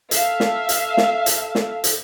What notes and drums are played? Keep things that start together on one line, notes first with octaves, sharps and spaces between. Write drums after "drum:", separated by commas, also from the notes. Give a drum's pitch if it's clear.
A4 E5 F5, drum: hi-hat
drum: snare
drum: hi-hat
drum: snare
drum: hi-hat
drum: snare
drum: hi-hat